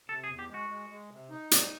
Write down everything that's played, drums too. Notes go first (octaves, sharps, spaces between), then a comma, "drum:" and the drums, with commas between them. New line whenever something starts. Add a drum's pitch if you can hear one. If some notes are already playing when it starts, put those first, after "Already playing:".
C3 A4
G#4
E2
G4
G#3
F#4
G#3
G#3
C3
D#4
G3, drum: hi-hat